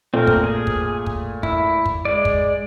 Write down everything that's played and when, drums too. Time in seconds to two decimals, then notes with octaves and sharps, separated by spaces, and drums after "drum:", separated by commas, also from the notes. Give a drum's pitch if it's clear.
0.14 A#2 A3 C4 A#4
0.27 drum: kick
0.44 G#4
0.67 drum: kick
1.06 drum: kick
1.43 E4, drum: kick
1.86 drum: kick
2.05 G#3 D5
2.25 drum: kick